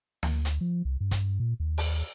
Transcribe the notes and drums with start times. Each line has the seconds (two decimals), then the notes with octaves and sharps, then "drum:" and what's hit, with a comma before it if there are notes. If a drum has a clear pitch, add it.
0.23 D2, drum: snare
0.45 drum: hi-hat
0.61 F3
0.85 C2
1.00 G2
1.11 drum: kick, hi-hat
1.40 A#2
1.60 D#2
1.78 drum: open hi-hat